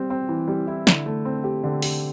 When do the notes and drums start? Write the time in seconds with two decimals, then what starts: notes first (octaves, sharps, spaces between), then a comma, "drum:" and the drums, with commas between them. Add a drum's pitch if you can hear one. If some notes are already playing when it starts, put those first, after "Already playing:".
Already playing: G3 C4
0.10 C4
0.29 E3
0.48 G3
0.67 E4
0.87 D3, drum: snare
1.06 A3
1.25 C4
1.44 G4
1.64 D3
1.82 G4, drum: open hi-hat